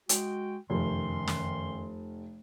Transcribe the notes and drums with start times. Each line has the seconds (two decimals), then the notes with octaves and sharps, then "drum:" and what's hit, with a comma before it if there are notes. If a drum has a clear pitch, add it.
0.09 G#3 F#4 G5, drum: hi-hat
0.70 F1 F#2 D#3 C6
1.27 drum: snare